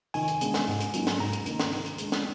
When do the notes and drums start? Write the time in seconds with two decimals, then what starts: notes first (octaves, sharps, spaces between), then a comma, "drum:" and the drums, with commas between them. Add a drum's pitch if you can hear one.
0.14 D#3 G#5, drum: open hi-hat
0.28 drum: hi-hat
0.41 G#3 B3 D4, drum: hi-hat
0.54 drum: snare
0.68 G#2, drum: open hi-hat
0.81 drum: hi-hat
0.94 F#3 A#3 D#4, drum: hi-hat
1.07 drum: snare
1.20 G#2 A#5, drum: open hi-hat
1.33 drum: hi-hat
1.46 D#3 A#3 D#4, drum: hi-hat
1.60 drum: snare
1.72 D#3, drum: open hi-hat
1.86 drum: hi-hat
1.98 G#3 D4, drum: hi-hat
2.12 drum: snare